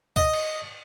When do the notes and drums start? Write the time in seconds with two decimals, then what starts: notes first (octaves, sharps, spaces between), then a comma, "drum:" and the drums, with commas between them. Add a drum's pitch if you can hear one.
0.16 D#5, drum: kick
0.33 drum: cymbal